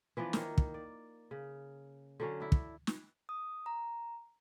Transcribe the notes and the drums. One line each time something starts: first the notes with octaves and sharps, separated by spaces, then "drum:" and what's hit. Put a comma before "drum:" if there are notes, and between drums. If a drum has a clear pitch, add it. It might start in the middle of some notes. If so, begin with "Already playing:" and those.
E3 F3 B3 D4
D#3 A#3, drum: snare
drum: kick
D5
C#3
D3 F#3 C#4
D4 E4
drum: kick
drum: snare
D#6
A#5